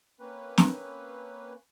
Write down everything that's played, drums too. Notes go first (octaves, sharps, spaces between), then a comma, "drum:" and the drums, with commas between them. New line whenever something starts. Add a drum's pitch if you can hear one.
A#3 C4 C#4 B4
drum: snare